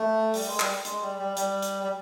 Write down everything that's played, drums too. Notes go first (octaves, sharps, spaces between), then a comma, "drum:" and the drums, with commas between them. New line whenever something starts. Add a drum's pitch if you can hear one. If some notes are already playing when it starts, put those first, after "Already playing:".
Already playing: A3
G3, drum: open hi-hat
G#3
G3, drum: clap
G#3, drum: hi-hat
G3
G3
G3, drum: hi-hat
drum: hi-hat
G3